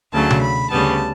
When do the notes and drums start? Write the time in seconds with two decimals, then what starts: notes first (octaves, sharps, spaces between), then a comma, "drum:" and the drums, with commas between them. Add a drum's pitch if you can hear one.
0.13 D2 C#3 F#3 A5
0.30 drum: tom C3
0.42 B5
0.70 D2 C#3 G3 B3 A5